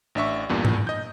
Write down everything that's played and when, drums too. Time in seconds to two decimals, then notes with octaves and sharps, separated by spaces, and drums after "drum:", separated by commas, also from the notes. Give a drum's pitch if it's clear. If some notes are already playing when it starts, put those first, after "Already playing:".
0.15 A1 D4 E5 C#6
0.49 E2 G2 A#2
0.65 drum: tom G#2
0.87 D#5 G6